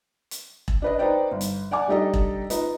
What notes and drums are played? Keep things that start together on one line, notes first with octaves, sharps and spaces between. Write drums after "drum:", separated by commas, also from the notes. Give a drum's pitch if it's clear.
drum: hi-hat
drum: kick E1
D4 B4 D#5
D#4 B4 C5 D5 G5
G1
drum: hi-hat
D5 F#5 G#5 D6
G3 D4 D#4 G4 A4 D#5
drum: kick E1
D#4 F4 B4, drum: hi-hat